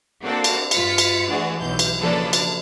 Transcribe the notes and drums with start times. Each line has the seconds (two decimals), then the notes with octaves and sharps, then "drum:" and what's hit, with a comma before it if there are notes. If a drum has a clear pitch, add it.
0.23 A#3 C4 D4 F#4 A4
0.44 drum: cymbal
0.71 G2 F4 B6 C#7, drum: cymbal
0.98 drum: cymbal
1.28 E3 A3 D4 F#4 G#4
1.60 B1 E3 G6
1.79 drum: cymbal
1.99 C#3 F3 A#3 D4 A4 B4
2.33 drum: cymbal